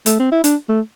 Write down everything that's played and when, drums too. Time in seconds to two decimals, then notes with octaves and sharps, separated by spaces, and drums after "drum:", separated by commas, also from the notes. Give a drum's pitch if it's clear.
0.06 A3, drum: hi-hat
0.19 C4
0.32 E4
0.44 D4, drum: hi-hat
0.69 A3